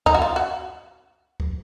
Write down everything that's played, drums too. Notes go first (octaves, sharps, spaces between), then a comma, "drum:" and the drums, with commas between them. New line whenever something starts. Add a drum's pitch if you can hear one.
D#4, drum: kick C#2
F#4
F4
F#4
drum: kick C#2